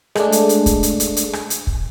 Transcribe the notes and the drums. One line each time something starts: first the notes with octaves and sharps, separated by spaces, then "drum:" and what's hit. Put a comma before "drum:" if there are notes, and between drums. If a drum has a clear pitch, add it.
G#3 A3 D4, drum: rim click
drum: hi-hat
drum: hi-hat
drum: kick, hi-hat
drum: hi-hat
drum: hi-hat
drum: hi-hat
drum: rim click
drum: hi-hat
drum: kick